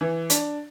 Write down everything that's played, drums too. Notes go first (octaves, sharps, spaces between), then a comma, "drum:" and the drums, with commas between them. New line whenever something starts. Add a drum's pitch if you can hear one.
E3
D4, drum: hi-hat